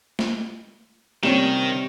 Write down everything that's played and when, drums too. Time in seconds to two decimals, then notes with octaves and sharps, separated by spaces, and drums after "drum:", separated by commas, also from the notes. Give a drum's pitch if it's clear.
0.19 drum: snare
1.23 C3 D#3 G3 C#4, drum: snare